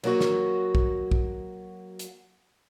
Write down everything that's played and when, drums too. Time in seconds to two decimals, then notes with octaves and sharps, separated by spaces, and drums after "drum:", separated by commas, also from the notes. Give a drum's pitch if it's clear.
0.03 F#3 A#3 F#4, drum: cymbal
0.21 drum: snare
0.75 drum: kick
1.11 drum: kick
1.99 drum: hi-hat